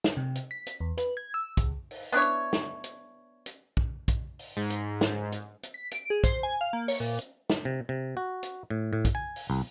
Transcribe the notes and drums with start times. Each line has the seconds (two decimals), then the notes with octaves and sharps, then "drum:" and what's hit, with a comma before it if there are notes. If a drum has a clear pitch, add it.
0.04 drum: snare
0.17 C3
0.35 drum: hi-hat
0.51 B6
0.67 drum: hi-hat
0.81 E2
0.98 B4, drum: hi-hat
1.17 G#6
1.34 E6
1.57 C#2, drum: kick, hi-hat
1.91 drum: open hi-hat
2.12 B3 D4 E4 C#5
2.22 drum: hi-hat
2.53 drum: snare
2.84 drum: hi-hat
3.46 drum: hi-hat
3.77 drum: kick
4.08 drum: kick, hi-hat
4.39 drum: open hi-hat
4.57 G#2
4.70 drum: hi-hat
5.01 drum: snare
5.32 drum: hi-hat
5.63 drum: hi-hat
5.74 B6
5.91 D7, drum: hi-hat
6.10 G#4
6.24 C5, drum: kick, hi-hat
6.43 G#5
6.61 F5
6.73 A#3
6.88 C#5, drum: open hi-hat
7.00 A#2
7.19 drum: hi-hat
7.50 drum: snare
7.65 C3
7.89 C3
8.17 F#4
8.43 drum: hi-hat
8.70 A2
8.93 A2
9.05 drum: kick, hi-hat
9.15 G#5
9.36 drum: open hi-hat
9.50 C2